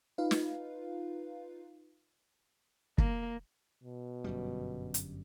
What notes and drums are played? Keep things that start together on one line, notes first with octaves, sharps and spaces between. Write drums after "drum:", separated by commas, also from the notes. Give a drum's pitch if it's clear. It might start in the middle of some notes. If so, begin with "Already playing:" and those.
D#4 F4 B4 F5
drum: snare
A#3, drum: kick
B2
G1 F#2 G3
drum: hi-hat